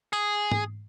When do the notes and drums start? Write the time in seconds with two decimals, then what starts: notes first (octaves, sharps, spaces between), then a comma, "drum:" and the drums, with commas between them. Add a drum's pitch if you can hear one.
0.13 G#4, drum: tambourine
0.52 drum: tom G#2